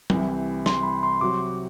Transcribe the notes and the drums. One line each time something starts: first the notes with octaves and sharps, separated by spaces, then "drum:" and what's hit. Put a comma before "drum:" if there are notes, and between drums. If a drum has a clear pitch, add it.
C2 C3 E3, drum: tom
C6, drum: snare
B5
C6
C3 F#3 C4 F#4 D6